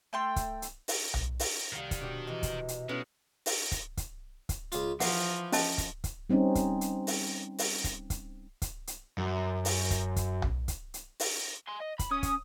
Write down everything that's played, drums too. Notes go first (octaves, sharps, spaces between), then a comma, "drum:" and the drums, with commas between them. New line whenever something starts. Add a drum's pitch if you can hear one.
A3 G5 C6
drum: kick, hi-hat
drum: hi-hat
drum: open hi-hat
drum: tom B1
drum: open hi-hat
C2 D#3 F5 F#5
drum: kick, hi-hat
B2 C4 D4
C3 E3 D#5
drum: kick, hi-hat
drum: hi-hat
G#3 A3 B3 C#4 E4 E7
drum: open hi-hat
drum: kick, hi-hat
drum: kick, hi-hat
drum: kick, hi-hat
C#2 F4, drum: hi-hat
E3 F3 F#5, drum: open hi-hat
C#4 D#5 A5, drum: open hi-hat
drum: kick, hi-hat
drum: kick, hi-hat
G3 C4 C#4 D#4
drum: kick, hi-hat
drum: hi-hat
drum: open hi-hat
drum: open hi-hat
drum: kick, hi-hat
drum: kick, hi-hat
drum: kick, hi-hat
drum: hi-hat
F#2
drum: open hi-hat
drum: kick, hi-hat
drum: kick, hi-hat
drum: tom B1
drum: kick, hi-hat
drum: hi-hat
drum: open hi-hat
G#5 C6
D#5
B5, drum: kick, hi-hat
C#4 D#6
drum: kick, hi-hat